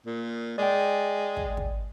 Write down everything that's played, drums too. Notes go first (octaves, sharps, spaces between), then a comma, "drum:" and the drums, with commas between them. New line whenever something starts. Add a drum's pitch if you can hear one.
A#2
G#3 D5 G5
drum: kick
drum: kick